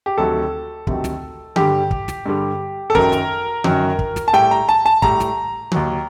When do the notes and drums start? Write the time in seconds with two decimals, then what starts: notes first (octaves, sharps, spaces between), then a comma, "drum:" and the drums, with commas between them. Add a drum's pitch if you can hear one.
0.06 G4
0.18 D2 C3 D#3 F#3 A4
0.87 D2 C3 D#3 F#3, drum: kick
1.04 drum: snare
1.56 G2 D3 G3 G4, drum: tom D3
1.91 drum: kick
2.08 drum: snare
2.26 G2 D3 G3
2.90 A4
2.95 F#2 D#3 F#3 A#4, drum: kick
3.12 drum: snare
3.64 F#2 D#3 F#3, drum: tom D3
3.99 drum: kick
4.16 drum: snare
4.28 A5
4.33 A2 G3 G5
4.51 A#5
4.69 A5
4.86 A5
5.02 A2 G3 A#5, drum: kick
5.20 drum: snare
5.72 D#2 D#3 F#3, drum: tom D3